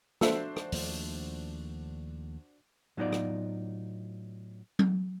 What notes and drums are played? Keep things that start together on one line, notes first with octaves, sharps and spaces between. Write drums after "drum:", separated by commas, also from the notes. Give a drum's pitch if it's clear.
D4 F#4 A4 C5 E5, drum: snare
drum: rim click
D#2 F3 A3, drum: open hi-hat
A2 F#3 B3 D#4 F4 D5
drum: rim click
drum: tom F#3